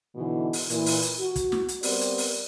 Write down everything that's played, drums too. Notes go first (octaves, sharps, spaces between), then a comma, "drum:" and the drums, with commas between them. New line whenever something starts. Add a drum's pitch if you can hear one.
G#2 B2 D3 E3
drum: open hi-hat
A#2 E3, drum: hi-hat
drum: open hi-hat
drum: hi-hat
F#4
drum: kick, hi-hat
drum: snare
drum: hi-hat
G3 B3 C4 A#4 D5, drum: open hi-hat
drum: hi-hat
drum: open hi-hat